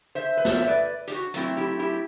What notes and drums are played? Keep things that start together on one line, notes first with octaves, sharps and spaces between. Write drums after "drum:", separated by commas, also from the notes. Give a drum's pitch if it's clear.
C5 E5
B4
A4 C5, drum: snare
E5
B4 D5
G4, drum: hi-hat
F#4
F#3 A3 C4 E4 F#4, drum: hi-hat
E4 G4
E4 G4